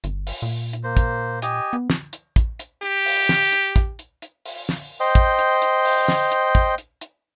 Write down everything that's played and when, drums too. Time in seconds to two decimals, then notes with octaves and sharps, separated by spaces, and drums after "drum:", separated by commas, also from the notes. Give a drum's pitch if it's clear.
0.04 G1, drum: hi-hat
0.27 drum: open hi-hat
0.42 A#2
0.73 drum: hi-hat
0.84 A#3 C5
0.97 drum: kick, hi-hat
1.42 G4 D#5 G#5, drum: hi-hat
1.73 B3
1.90 drum: snare
2.13 drum: hi-hat
2.36 drum: kick, hi-hat
2.59 drum: hi-hat
2.83 G4, drum: hi-hat
3.06 drum: open hi-hat
3.29 drum: snare
3.52 drum: hi-hat
3.76 drum: kick, hi-hat
3.99 drum: hi-hat
4.22 drum: hi-hat
4.46 drum: open hi-hat
4.69 drum: snare
5.00 C5 D#5 G5
5.15 drum: kick, hi-hat
5.39 drum: hi-hat
5.62 drum: hi-hat
5.85 drum: open hi-hat
6.08 drum: snare
6.32 drum: hi-hat
6.55 drum: kick, hi-hat
6.78 drum: hi-hat
7.01 drum: hi-hat